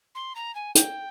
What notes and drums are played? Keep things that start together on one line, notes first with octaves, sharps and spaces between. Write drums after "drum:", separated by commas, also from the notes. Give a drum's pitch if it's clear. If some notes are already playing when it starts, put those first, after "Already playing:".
C6
A#5
G#5
G5, drum: hi-hat